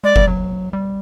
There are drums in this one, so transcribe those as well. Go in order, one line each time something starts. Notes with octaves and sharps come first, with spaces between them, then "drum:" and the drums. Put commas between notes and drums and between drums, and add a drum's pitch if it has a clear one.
G#3 D5
G3, drum: kick F#1
F#3
G3